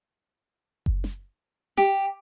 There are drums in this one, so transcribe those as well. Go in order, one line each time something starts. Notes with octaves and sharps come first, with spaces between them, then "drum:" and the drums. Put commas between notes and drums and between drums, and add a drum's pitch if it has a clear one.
drum: kick F#1
drum: snare
G4, drum: snare